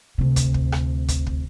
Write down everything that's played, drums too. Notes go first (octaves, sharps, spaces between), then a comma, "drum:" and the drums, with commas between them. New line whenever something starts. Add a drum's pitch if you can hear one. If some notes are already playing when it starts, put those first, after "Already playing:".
D2 C3
drum: kick, hi-hat
drum: kick
drum: rim click
drum: kick, hi-hat
drum: kick